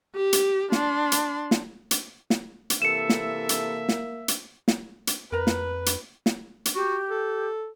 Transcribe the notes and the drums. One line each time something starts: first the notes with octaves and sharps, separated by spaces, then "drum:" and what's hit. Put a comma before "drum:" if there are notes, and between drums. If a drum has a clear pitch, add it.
G4
drum: hi-hat
D4 C6, drum: snare
drum: hi-hat
drum: snare
drum: hi-hat
drum: snare
drum: hi-hat
C3 E3 A#3 A4 E5 C#7 E7
drum: snare
drum: hi-hat
drum: snare
drum: hi-hat
drum: snare
drum: hi-hat
F2 A#4 B4 A#5
drum: snare
drum: hi-hat
drum: snare
drum: hi-hat
F#4 G4
A4